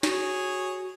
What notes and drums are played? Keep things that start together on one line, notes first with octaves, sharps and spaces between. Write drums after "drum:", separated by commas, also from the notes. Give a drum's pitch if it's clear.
F#4 G#4 C#5, drum: snare